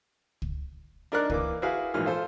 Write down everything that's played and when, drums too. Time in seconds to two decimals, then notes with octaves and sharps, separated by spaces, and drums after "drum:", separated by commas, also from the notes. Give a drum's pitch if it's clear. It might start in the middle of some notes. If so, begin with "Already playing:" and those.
0.42 drum: kick
1.12 D4 D#4 A#4 D5 D6 F#6
1.30 E3 A#3 D6, drum: kick
1.62 E4 F#4 G#4 B4 F5
1.94 A#1 G#2 E3 F#3 F6
2.06 F4 A4 C5